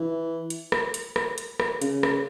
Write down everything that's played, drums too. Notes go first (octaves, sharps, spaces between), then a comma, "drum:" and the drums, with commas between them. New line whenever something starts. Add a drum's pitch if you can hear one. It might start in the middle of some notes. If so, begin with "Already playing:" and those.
Already playing: E3
drum: hi-hat
drum: rim click
drum: hi-hat
drum: rim click
drum: hi-hat
drum: rim click
C#3, drum: hi-hat
drum: rim click